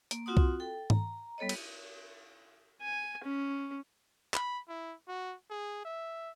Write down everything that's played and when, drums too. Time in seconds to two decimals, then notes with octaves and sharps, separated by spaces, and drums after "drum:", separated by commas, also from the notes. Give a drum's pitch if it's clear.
0.11 A#3, drum: hi-hat
0.26 C4 F4 F#4 F#5 C6 D#6
0.37 drum: kick C2
0.60 A4 G5
0.90 A#5, drum: tom G#2
1.38 G3 B3 A4 C#5 D#5
1.49 drum: cymbal
2.81 G#5
3.23 C#4
4.34 B5, drum: clap
4.68 E4
5.08 F#4
5.50 G#4
5.85 E5